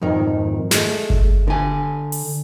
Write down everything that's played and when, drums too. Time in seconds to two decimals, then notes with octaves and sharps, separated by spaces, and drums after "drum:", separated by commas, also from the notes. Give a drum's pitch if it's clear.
0.02 F2 G#2 D#3
0.71 G#3 A3, drum: snare
1.10 drum: kick G1
1.48 D3 G#5
2.12 drum: open hi-hat